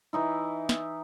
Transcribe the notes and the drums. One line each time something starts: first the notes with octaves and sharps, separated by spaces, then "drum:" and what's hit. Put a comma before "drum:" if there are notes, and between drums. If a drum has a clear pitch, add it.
E3 D#4 E4
drum: snare